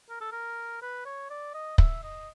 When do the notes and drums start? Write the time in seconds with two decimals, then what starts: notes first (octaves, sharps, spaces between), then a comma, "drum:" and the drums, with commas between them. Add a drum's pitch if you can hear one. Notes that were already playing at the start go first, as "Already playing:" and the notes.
0.10 A#4
0.21 A4
0.32 A#4
0.82 B4
1.06 C#5
1.30 D5
1.54 D#5
1.78 E5, drum: kick
2.03 D#5